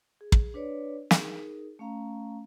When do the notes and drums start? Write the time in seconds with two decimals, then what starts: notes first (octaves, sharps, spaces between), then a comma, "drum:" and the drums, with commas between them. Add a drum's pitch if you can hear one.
0.21 G#4
0.32 drum: kick
0.54 D4 B4 C#5 D5
1.11 D#4 G#4 A#4, drum: snare
1.79 A3 C#4 F5 A#5